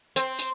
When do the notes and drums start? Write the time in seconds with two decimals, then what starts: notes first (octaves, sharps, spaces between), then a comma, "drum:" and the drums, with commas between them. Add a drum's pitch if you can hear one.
0.16 C4, drum: hi-hat
0.39 drum: hi-hat